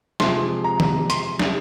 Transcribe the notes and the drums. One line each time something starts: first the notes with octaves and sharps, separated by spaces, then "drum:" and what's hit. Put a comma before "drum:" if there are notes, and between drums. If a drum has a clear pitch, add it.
C3 F3 G#3 C6, drum: snare
A#5
drum: tom D#3
C6, drum: hi-hat
drum: snare